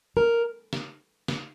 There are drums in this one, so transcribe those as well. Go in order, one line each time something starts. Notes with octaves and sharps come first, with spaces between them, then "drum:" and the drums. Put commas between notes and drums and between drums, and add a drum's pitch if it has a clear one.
A#4
drum: snare
drum: snare